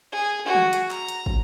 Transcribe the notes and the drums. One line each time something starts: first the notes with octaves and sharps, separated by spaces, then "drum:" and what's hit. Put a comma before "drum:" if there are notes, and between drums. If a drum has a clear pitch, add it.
G#4
F#4 G#4
drum: tom
drum: hi-hat
A#5, drum: clap
drum: hi-hat
drum: kick